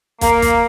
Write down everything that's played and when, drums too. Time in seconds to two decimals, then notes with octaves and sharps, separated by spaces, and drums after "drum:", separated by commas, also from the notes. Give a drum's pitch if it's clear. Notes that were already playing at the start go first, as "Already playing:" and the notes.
0.21 A#3, drum: kick, hi-hat
0.42 drum: kick, hi-hat